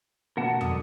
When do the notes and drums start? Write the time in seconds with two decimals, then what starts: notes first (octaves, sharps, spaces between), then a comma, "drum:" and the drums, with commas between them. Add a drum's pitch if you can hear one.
0.37 B2 A#4 F#5 A5
0.61 D3 D#6, drum: tom